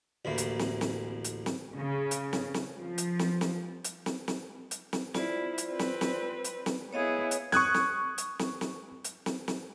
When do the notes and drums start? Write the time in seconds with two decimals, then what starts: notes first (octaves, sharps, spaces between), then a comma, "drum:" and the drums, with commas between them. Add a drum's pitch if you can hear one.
0.25 A1 D2 E3 A#3
0.38 drum: hi-hat
0.59 drum: snare
0.81 drum: snare
1.24 drum: hi-hat
1.46 drum: snare
1.76 C#3
2.11 drum: hi-hat
2.33 drum: snare
2.54 drum: snare
2.78 F3
2.98 drum: hi-hat
3.19 drum: snare
3.41 drum: snare
3.84 drum: hi-hat
4.06 drum: snare
4.28 drum: snare
4.71 drum: hi-hat
4.93 drum: snare
5.14 E4 F4 C5 D5, drum: snare
5.58 drum: hi-hat
5.67 C4 B4
5.79 drum: snare
6.01 drum: snare
6.44 drum: hi-hat
6.66 drum: snare
6.93 B3 E4 G#4 C#5 D#5 F5
7.31 drum: hi-hat
7.52 C#6 D#6 F#6 G#6, drum: snare
7.74 drum: snare
8.18 drum: hi-hat
8.39 drum: snare
8.61 drum: snare
9.04 drum: hi-hat
9.26 drum: snare
9.48 drum: snare